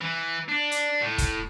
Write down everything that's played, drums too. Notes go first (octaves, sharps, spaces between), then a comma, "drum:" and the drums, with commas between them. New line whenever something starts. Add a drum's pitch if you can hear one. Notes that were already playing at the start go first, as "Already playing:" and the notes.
E3
D4
drum: hi-hat
A2
drum: kick, hi-hat